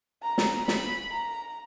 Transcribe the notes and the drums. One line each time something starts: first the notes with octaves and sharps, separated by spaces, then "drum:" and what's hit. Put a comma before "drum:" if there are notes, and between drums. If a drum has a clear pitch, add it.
A#5
drum: snare
B5, drum: snare
A#5